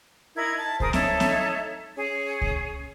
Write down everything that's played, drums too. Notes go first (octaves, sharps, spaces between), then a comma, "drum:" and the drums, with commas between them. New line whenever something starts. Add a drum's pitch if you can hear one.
D#4 E4 A#4 G#6
A5
G#4 A#4 C5 D#6, drum: kick C#2
D#4 A4 C#5 E5, drum: snare C4
drum: snare C4
C#4 G#4
drum: kick C#2